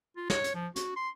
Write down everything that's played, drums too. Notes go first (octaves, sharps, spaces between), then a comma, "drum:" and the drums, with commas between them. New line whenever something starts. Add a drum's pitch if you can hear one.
F4
C#5, drum: snare
drum: hi-hat
F3
F#4, drum: hi-hat
C6